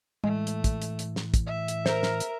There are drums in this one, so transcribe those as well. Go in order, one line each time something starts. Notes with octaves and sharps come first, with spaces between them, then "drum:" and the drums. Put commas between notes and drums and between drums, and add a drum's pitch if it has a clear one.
A2 E3 G#3 A3
drum: hi-hat
drum: kick, hi-hat
drum: hi-hat
drum: hi-hat
drum: snare
drum: kick, hi-hat
E5
drum: hi-hat
A#4 C5, drum: snare
drum: snare
drum: hi-hat